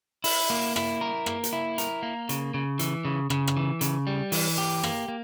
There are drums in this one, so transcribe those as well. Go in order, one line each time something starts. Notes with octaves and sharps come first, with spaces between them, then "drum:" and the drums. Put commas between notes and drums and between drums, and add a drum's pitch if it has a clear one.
E4, drum: open hi-hat
A#3
E4, drum: rim click
A#4
A#3, drum: rim click
drum: hi-hat
E4
A#4, drum: hi-hat
A#3
C#3, drum: hi-hat
C#3
E3, drum: hi-hat
C#3
C#3, drum: rim click
drum: rim click
E3
C#3, drum: hi-hat
G3
E3, drum: open hi-hat
G4
A#3, drum: rim click
A#3